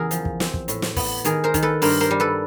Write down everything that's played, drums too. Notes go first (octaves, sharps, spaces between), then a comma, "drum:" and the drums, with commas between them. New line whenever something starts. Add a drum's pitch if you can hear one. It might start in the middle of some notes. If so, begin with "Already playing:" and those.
Already playing: E2 C#3 G#4 A#4
F3, drum: hi-hat
drum: kick
C4, drum: snare
drum: kick
A2, drum: hi-hat
drum: snare
B3, drum: kick, open hi-hat
D#3 G#4 A#4, drum: hi-hat
A#4 C5
D#3, drum: kick, hi-hat
A4 B4
G2 A#4 C5, drum: open hi-hat
A#4 C5
G3
A4 B4